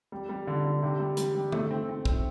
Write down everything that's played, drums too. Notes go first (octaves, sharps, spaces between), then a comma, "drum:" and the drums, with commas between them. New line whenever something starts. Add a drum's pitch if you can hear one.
G3
G3
D3
D3
C3
G3
G3, drum: hi-hat
G3
A3, drum: tom D3
C4
C4
C4, drum: kick